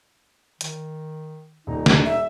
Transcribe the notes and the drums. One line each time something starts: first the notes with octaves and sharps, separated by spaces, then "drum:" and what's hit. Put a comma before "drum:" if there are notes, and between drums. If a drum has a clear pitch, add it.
D#3, drum: hi-hat
D#1 D#4
drum: snare
E5